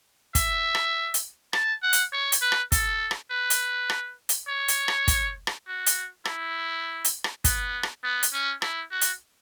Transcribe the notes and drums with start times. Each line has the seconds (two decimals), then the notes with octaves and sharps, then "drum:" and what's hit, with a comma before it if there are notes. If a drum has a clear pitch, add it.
0.35 E5, drum: kick, hi-hat
0.75 drum: rim click
1.14 drum: hi-hat
1.53 A5, drum: rim click
1.83 F#5
1.93 drum: hi-hat
2.13 C#5
2.32 drum: hi-hat
2.41 B4
2.52 drum: rim click
2.72 A4, drum: kick, hi-hat
3.11 drum: rim click
3.31 B4
3.50 drum: hi-hat
3.90 drum: rim click
4.29 drum: hi-hat
4.48 C#5
4.68 drum: hi-hat
4.88 drum: rim click
5.08 drum: kick, hi-hat
5.47 drum: rim click
5.67 F#4
5.86 drum: hi-hat
6.25 E4, drum: rim click
7.05 drum: hi-hat
7.24 drum: rim click
7.44 B3, drum: kick, hi-hat
7.83 drum: rim click
8.04 B3
8.23 drum: hi-hat
8.33 C#4
8.62 E4, drum: rim click
8.91 F#4
9.01 drum: hi-hat